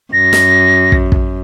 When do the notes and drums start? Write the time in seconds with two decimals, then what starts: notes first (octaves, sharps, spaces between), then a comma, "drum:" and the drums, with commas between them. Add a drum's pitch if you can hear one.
0.13 F#2 A#6
0.33 drum: snare
0.92 drum: kick
1.12 drum: kick